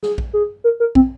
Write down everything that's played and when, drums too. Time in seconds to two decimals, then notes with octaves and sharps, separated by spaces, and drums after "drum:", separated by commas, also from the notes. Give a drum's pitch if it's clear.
0.03 G#4, drum: snare
0.18 drum: kick
0.33 G#4
0.64 A#4
0.80 A#4
0.95 C4, drum: kick